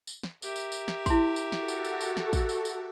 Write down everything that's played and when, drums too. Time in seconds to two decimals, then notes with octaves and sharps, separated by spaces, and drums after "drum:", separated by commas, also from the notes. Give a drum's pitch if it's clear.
0.07 drum: tambourine
0.23 drum: snare
0.42 G4 A#4 E5, drum: tambourine
0.56 drum: tambourine
0.72 drum: tambourine
0.88 drum: snare
1.06 E4 C6, drum: kick, tambourine
1.36 drum: tambourine
1.52 F#4 A4, drum: snare
1.68 drum: tambourine
1.84 drum: tambourine
2.01 drum: tambourine
2.17 drum: snare
2.33 drum: kick, tambourine
2.49 drum: tambourine
2.65 drum: tambourine